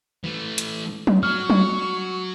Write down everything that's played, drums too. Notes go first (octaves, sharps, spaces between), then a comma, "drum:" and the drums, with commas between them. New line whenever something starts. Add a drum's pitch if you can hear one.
E3 A3
drum: hi-hat
drum: tom F#3
F#3 C#6 F6
drum: tom F#3